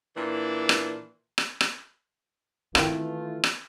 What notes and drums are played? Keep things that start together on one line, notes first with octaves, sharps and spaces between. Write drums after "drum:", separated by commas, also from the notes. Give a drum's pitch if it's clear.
A#2 E3 D4
drum: rim click
drum: rim click
drum: rim click
D#3 E3 A3 A#3 C4 F4 C5 G5, drum: rim click
drum: rim click